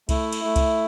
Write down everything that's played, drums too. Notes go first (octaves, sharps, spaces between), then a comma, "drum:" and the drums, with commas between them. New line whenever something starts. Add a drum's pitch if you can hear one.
A3 E4, drum: kick C2, cymbal
drum: cymbal
A3
drum: kick C2, cymbal